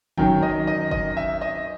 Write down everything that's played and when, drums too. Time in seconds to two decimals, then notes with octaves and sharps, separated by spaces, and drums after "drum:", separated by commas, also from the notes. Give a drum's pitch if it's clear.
0.18 F#2 D#3 F#3 G5, drum: kick
0.42 D#5
0.67 D#5
0.91 D#5, drum: kick
1.17 E5
1.41 D#5